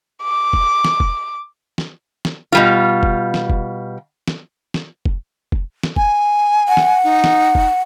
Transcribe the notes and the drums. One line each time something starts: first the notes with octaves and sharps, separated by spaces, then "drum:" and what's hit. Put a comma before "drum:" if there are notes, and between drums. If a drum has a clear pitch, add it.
D6
drum: kick
drum: snare
drum: kick
drum: snare
drum: snare
B2 G3 F4
drum: kick
drum: snare
drum: kick
drum: snare
drum: snare
drum: kick
drum: kick
drum: snare
G#5, drum: kick
F#5
drum: snare
D#4
drum: snare
drum: kick